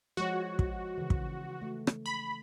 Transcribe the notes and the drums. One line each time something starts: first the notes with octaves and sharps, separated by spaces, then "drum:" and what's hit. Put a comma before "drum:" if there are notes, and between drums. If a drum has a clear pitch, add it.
F3 G#3 F#4 C#5
drum: kick
C#3 E3
drum: kick
A3
drum: rim click
B5